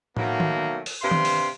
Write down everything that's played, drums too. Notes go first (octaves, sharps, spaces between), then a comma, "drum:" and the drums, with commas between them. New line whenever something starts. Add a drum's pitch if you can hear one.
B2 D#3 F#3 A3 A#3, drum: tom A2
drum: tom D#3
drum: open hi-hat
G2 C3 F5 C6
drum: tom D#3
drum: open hi-hat